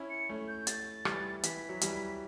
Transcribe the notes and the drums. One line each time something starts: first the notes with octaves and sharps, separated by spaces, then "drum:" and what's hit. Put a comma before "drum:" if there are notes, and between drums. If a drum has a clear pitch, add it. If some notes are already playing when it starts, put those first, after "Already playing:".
Already playing: C#4 E4
C#7
A3 C#4
G6
A6, drum: hi-hat
E3 G3, drum: rim click
E3 B6, drum: hi-hat
F#3
E3 G3, drum: hi-hat